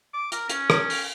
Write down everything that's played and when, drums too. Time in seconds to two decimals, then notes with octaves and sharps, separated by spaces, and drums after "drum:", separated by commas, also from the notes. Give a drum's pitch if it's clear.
0.14 D6
0.32 A#4, drum: hi-hat
0.49 C#4, drum: hi-hat
0.70 drum: rim click
0.90 drum: open hi-hat